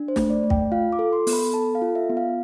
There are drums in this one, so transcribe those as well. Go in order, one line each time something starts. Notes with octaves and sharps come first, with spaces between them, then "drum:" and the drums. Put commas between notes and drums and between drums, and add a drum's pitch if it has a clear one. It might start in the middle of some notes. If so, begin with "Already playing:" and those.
Already playing: D4
C5
A3, drum: snare
D5
A3
G5, drum: kick
F4 F5
D6
A4
C6
B3, drum: open hi-hat
B5
A4 A5
F5
F4
E5
B3
F5